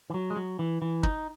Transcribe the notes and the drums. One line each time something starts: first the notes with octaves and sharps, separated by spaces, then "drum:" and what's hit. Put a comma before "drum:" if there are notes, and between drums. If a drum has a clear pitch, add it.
E3
F#3
G#3
F#3
E3
E3
D#4, drum: kick